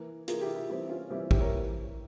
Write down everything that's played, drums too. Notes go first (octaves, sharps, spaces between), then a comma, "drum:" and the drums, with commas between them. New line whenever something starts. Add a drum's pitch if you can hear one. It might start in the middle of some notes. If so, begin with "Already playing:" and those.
Already playing: E3 A#3
E3 A#3 F4 G#4, drum: hi-hat
E4 G4
E4
E3 G3 C4 E4
C#4 F4
E3 G3 C4 E4 G4
E4 G4, drum: kick
A#4 C#5
E3 A#3